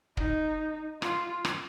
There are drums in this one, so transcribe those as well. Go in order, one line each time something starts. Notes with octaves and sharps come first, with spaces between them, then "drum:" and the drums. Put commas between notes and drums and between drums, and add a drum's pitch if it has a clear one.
D#4, drum: kick
F4, drum: rim click
drum: rim click